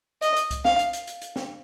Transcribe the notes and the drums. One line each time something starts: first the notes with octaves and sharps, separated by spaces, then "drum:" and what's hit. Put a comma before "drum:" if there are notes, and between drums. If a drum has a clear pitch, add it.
D#5, drum: hi-hat
drum: hi-hat
drum: kick C2, hi-hat
F5, drum: snare
drum: hi-hat
drum: hi-hat
drum: hi-hat
drum: hi-hat
drum: snare